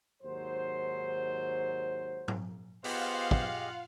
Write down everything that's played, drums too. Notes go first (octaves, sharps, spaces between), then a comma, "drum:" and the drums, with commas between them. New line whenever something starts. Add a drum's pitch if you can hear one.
D#2 G#2 F#3 C5
drum: tom G#2
B3 F4 G4 G#4 C5 D#5 F5 F#5, drum: open hi-hat
drum: kick